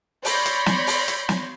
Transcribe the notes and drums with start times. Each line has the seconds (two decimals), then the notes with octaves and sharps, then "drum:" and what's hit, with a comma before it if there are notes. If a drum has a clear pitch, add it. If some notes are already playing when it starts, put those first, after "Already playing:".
0.25 C#5 D5 B5 C6 G6 A#6, drum: open hi-hat
0.46 drum: hi-hat
0.66 drum: snare
0.87 drum: open hi-hat
1.08 drum: hi-hat
1.29 drum: snare